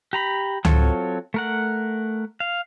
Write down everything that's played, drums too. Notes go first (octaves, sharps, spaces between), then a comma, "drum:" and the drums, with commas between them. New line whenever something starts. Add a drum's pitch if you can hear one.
G4 A#5 B5
F#3 C4 F4 A4 C#5, drum: tom C#2
A3 A#4 F#5
F5